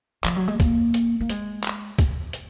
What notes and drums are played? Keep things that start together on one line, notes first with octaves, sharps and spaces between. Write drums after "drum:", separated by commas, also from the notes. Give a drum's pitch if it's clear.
F3, drum: clap
F#3
G#3
A#3, drum: kick, hi-hat
drum: hi-hat
A#3
G#3, drum: hi-hat
drum: clap
drum: kick, hi-hat
drum: hi-hat